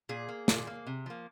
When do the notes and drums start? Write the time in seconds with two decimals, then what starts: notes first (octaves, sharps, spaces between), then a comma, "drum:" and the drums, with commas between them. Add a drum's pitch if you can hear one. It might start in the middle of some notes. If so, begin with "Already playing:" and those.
0.09 A#2 G#4
0.29 A#3
0.48 A#2, drum: snare
0.67 A#3
0.87 C3
1.06 F3 A#3